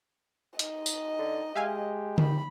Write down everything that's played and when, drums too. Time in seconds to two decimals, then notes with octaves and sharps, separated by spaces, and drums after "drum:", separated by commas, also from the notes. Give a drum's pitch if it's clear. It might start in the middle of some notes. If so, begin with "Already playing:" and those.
0.59 D#4 D#5, drum: hi-hat
0.86 drum: tambourine
1.19 D3
1.56 G#3 G4 E5 F5 G#5
2.18 D#3 B5, drum: tom D3